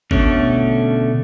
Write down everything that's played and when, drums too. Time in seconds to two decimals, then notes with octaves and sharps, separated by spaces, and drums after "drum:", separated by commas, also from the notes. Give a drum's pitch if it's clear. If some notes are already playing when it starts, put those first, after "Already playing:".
0.11 B2 D3 A3 C#4, drum: kick G#1